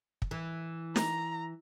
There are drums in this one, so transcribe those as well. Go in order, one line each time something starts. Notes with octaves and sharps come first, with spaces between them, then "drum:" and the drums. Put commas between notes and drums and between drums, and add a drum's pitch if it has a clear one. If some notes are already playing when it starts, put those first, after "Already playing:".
drum: kick
E3
A#5, drum: snare